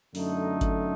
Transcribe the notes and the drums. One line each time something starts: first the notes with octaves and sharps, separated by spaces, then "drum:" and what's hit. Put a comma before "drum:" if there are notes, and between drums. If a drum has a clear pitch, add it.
F#2 D3 A3 D#4, drum: open hi-hat
drum: kick G1, hi-hat